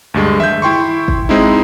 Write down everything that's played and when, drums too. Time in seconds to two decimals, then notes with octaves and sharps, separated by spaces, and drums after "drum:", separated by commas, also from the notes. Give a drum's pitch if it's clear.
0.14 D2 G2 G#3
0.40 E5 G6, drum: tom D3
0.62 E4 G5 C6 C#6
1.08 drum: kick
1.29 G#3 C4 D#4 E4